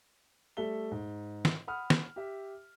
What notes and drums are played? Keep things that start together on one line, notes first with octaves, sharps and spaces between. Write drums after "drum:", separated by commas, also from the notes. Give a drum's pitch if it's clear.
G3 A3 A4 E5 G7
G#2
drum: snare
F#5 B5 D#6 F6
drum: snare
G4 E5